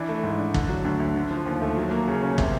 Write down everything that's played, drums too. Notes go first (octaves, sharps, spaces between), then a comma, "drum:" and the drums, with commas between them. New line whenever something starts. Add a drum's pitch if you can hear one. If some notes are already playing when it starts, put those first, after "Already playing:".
Already playing: E3 D4
A3
G#2
D4
D3, drum: kick
F#3
D2
D2
D3
F3
D#2
A3
F#3
A#3
C#3
C#4
C3, drum: kick